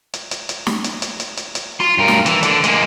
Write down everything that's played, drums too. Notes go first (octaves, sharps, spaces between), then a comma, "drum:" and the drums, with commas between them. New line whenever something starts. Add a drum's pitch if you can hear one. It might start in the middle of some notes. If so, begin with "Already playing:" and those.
drum: hi-hat
drum: hi-hat
drum: hi-hat
drum: snare
drum: hi-hat
drum: hi-hat
drum: hi-hat
drum: hi-hat
drum: hi-hat
F4 C6
G2 A#4
drum: snare
E3, drum: hi-hat
D3, drum: hi-hat
G#3 A#3, drum: hi-hat